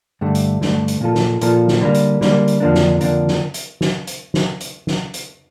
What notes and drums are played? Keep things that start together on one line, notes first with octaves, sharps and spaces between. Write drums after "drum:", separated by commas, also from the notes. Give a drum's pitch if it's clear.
G2 D3 A3
drum: hi-hat
G2 D3 A3, drum: snare
drum: hi-hat
A#2 F3 A#3 F4 A4
drum: snare
A#2 F3 A#3 F4 A4, drum: hi-hat
drum: snare
D3 G3 A#3
drum: hi-hat
D3 G3 A#3, drum: snare
drum: hi-hat
F2 D3 F3 A#3 D4
drum: snare
F2 D3 F3 A#3 D4, drum: hi-hat
drum: snare
drum: hi-hat
drum: snare
drum: hi-hat
drum: snare
drum: hi-hat
drum: snare
drum: hi-hat